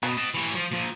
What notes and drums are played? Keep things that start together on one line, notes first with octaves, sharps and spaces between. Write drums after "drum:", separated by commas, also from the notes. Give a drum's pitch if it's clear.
B2, drum: hi-hat
D#5 A5
E3 C#5
F3
A#2 F3